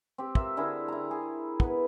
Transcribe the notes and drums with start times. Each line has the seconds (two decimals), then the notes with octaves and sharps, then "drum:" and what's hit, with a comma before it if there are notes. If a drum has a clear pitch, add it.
0.18 C4 G4
0.35 F4 A#4 E5, drum: kick
0.57 D3 E4 G#4 A#4
0.88 E4 A#5
1.11 G#4
1.60 B3 B4, drum: kick